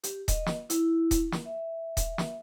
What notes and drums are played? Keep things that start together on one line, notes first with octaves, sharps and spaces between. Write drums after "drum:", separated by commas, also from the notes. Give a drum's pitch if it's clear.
G4, drum: hi-hat
D#5, drum: kick D#1, hi-hat
drum: snare
E4, drum: hi-hat
drum: kick D#1, hi-hat
drum: snare
E5
drum: kick D#1, hi-hat
drum: snare